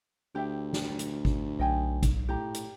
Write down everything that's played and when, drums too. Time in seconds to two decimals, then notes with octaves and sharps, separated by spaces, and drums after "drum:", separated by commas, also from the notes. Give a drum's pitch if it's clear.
0.35 D2 G4 E5 G5
0.73 drum: snare
0.99 drum: hi-hat
1.25 drum: kick G#1
1.59 B1 D#5 G5 G#5
2.03 drum: kick G#1, hi-hat
2.29 A2 G4 A#5
2.54 drum: hi-hat